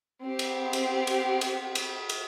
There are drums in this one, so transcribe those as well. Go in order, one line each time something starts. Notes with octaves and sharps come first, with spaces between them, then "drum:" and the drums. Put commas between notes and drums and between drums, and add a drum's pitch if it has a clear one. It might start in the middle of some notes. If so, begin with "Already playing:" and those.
C4 G4
drum: cymbal
drum: cymbal
drum: cymbal
drum: cymbal
drum: cymbal
drum: cymbal